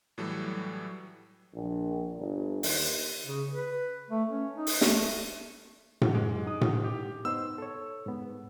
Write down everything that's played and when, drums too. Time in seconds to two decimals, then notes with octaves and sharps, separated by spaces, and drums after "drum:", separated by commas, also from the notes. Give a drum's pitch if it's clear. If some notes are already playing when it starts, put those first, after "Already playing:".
0.18 A2 E3 F#3 G3 A4 C#5
1.54 A#1
2.18 G1
2.63 D#2, drum: open hi-hat
3.26 C#3
3.52 B4
4.10 A3
4.29 C#4
4.56 D#4
4.67 drum: open hi-hat
4.81 A3, drum: snare
6.01 drum: tom A2
6.15 F#2 G#3 D6
6.47 D#4 D#6
6.61 drum: tom A2
6.84 G4
7.25 B3 D#4 C5 E6
7.58 A4 C#5
8.06 G#2 B3